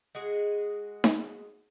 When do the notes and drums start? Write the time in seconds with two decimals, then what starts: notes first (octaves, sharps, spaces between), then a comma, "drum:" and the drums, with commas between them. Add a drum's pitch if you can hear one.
0.15 G#3 F#4 G#4
1.04 drum: snare D#4